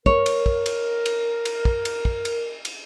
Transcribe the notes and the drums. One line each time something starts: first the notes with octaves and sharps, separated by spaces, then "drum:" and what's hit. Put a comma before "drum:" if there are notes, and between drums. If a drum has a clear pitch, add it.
A#4 C#5, drum: kick
drum: cymbal
drum: kick
drum: cymbal
drum: cymbal
drum: cymbal
drum: kick
drum: cymbal
drum: kick
drum: cymbal
drum: cymbal